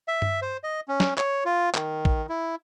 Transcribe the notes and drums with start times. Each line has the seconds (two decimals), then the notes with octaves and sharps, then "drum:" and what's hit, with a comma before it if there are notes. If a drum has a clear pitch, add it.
0.08 E5
0.22 drum: tom G2
0.42 C5
0.64 D#5
0.88 C#4
1.00 drum: snare
1.18 C#5, drum: clap
1.45 F4
1.74 D#3, drum: clap
2.05 drum: kick
2.29 E4